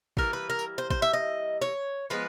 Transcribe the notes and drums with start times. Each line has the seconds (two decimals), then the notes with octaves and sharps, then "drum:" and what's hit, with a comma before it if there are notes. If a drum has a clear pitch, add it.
0.17 E3 G3 A#3 A#4, drum: kick
0.33 B4
0.50 A#4
0.59 drum: tambourine
0.78 C5
0.90 C5, drum: kick
1.02 E5
1.13 D#5
1.62 C#5
2.10 F3 G#3 B3 B4